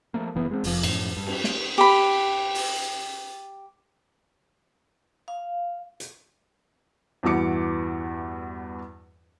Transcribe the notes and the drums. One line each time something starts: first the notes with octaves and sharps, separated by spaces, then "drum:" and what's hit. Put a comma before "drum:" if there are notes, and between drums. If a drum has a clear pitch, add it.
F3 A3 A#3
F#1 E3 B3
G#3 C4
F1 F3, drum: open hi-hat
F#2 A2 F3, drum: cymbal
G2
drum: cymbal
drum: snare
G4 B5
drum: open hi-hat
F5
drum: hi-hat
E2 G2 E3 F#4 D6 C#7